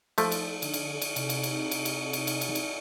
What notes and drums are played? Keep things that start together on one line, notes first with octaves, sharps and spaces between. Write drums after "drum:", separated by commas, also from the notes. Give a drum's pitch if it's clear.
F3 A3, drum: cymbal
drum: cymbal
D3, drum: cymbal
drum: cymbal
drum: cymbal
C3 D#4, drum: cymbal
drum: cymbal
drum: cymbal
drum: cymbal
drum: cymbal
drum: cymbal
drum: cymbal
drum: cymbal
drum: cymbal